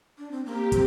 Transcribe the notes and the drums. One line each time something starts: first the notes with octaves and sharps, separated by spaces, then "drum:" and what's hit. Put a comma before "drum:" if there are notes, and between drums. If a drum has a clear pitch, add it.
D4
C4
A#3 G4
C4, drum: kick, hi-hat